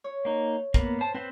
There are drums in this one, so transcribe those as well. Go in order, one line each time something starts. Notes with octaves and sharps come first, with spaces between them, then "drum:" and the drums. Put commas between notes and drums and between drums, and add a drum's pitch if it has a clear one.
C#5
A#3 D#4
A#3 B3, drum: kick
C5 A5
C4 B4 C5 F#5